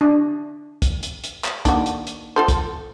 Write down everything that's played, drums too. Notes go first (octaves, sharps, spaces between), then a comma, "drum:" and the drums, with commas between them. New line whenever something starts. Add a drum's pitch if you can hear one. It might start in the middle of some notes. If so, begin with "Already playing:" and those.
D4
drum: kick, hi-hat
drum: hi-hat
drum: hi-hat
drum: clap
A#3 D4 D#4 F#4, drum: kick, hi-hat
drum: hi-hat
drum: hi-hat
F4 A4 C5
drum: kick, hi-hat